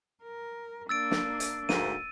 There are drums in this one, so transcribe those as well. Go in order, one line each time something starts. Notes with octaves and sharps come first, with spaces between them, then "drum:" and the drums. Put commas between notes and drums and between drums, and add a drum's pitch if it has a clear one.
A#4
A#3 D4 E6 A6 D7
drum: snare
drum: hi-hat
D2 G#2 A#3 D#7, drum: snare